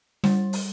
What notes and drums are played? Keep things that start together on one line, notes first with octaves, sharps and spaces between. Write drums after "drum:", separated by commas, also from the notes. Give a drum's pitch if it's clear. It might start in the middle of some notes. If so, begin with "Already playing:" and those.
G3, drum: snare
drum: open hi-hat